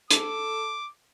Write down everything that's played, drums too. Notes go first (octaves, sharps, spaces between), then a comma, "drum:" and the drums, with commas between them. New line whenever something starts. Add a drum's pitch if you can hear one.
A4 D6, drum: hi-hat